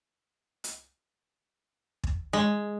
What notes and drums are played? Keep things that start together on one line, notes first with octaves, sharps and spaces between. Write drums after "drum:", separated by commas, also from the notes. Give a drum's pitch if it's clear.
drum: hi-hat
drum: kick
G#3